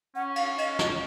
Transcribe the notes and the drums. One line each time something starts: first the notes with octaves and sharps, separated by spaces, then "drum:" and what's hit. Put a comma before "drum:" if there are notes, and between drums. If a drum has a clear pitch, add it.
C#4 F#5
F5, drum: cymbal
D#5, drum: cymbal
D#5, drum: snare